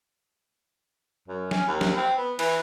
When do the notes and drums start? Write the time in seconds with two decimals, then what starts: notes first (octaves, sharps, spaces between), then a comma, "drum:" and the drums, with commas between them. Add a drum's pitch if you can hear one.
1.28 F#2
1.51 C#4, drum: snare
1.67 D#2
1.81 drum: snare
1.97 C4
2.17 B3
2.39 E3, drum: cymbal